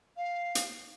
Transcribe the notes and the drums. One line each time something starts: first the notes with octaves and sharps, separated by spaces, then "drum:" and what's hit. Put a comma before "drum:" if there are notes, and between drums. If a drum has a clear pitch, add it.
F5
drum: hi-hat